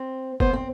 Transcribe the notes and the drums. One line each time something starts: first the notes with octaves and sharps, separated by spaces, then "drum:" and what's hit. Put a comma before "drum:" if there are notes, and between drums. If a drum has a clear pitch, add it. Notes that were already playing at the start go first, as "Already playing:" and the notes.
Already playing: C4
B3 C5, drum: kick
C4